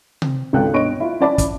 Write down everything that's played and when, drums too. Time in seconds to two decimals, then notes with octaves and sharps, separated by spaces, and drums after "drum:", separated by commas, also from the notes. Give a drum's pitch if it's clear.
0.22 C4, drum: tom C3
0.53 G#1 C#2 C3 A4 G5 F#6
0.73 G2 B2 C#5 D#5 C#6 D7
1.00 E4 F4
1.20 C#4 E4 D5 A5 B5
1.38 drum: kick, hi-hat